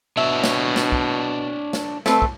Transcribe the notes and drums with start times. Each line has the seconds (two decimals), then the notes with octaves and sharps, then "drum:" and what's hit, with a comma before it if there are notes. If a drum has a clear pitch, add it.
0.17 B2 D4 C#5 E5
0.44 drum: snare
0.76 drum: snare
0.92 drum: kick
1.73 drum: snare
2.06 A3 C4 B4, drum: snare
2.22 drum: kick